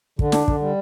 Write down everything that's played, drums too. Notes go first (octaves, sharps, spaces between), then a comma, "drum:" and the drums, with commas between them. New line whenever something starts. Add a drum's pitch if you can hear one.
D3, drum: kick
D4, drum: snare
D3, drum: kick
G3